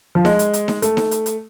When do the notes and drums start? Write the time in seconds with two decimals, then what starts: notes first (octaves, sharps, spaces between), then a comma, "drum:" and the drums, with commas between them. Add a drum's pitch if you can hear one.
0.15 F3
0.25 G#3, drum: snare D#4
0.39 drum: hi-hat
0.54 drum: hi-hat
0.68 drum: snare D#4
0.82 A3, drum: hi-hat
0.97 drum: snare D#4
1.11 drum: hi-hat
1.26 drum: hi-hat